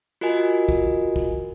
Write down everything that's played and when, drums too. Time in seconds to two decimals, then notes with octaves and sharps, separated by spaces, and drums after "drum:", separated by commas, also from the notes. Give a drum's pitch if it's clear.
0.21 F4 F#4 A#4 D#5 G#5
0.69 drum: kick
1.16 drum: kick